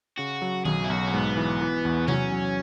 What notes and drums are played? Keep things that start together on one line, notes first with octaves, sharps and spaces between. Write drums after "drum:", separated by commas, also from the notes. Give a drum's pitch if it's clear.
C#3 F#4
F#3
B1 G#4, drum: tom D#3
E4
B1 F#4
C#4
G#2 B3
E3
E3
E2
F#3 C#4, drum: tom C3
F#3